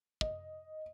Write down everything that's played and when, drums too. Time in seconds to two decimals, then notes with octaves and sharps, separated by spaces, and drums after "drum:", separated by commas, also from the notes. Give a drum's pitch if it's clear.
0.21 D#5, drum: kick